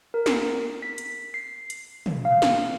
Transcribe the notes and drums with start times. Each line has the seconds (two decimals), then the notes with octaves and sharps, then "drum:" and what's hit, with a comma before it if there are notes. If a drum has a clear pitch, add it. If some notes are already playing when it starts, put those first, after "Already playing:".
0.14 A#4
0.26 drum: snare
0.82 B6
0.98 drum: hi-hat
1.34 C7
1.70 drum: hi-hat
2.06 drum: tom
2.25 F5
2.42 drum: snare